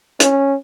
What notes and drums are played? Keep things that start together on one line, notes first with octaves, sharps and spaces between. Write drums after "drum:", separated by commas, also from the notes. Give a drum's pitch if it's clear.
C#4, drum: hi-hat